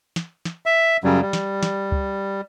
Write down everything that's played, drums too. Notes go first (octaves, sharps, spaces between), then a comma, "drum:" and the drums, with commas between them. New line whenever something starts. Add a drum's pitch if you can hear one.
drum: snare
drum: snare
E5
F#2 C#3 F#3 G3
G3
drum: snare
drum: snare
drum: kick C#2